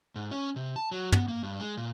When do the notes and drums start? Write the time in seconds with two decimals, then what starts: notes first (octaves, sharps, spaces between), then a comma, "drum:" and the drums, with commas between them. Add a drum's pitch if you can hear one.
0.16 G#2
0.31 C#4
0.56 C3
0.76 A5
0.91 F#3
1.12 B3, drum: tom
1.28 A#3
1.43 G2
1.60 G#3
1.77 A#2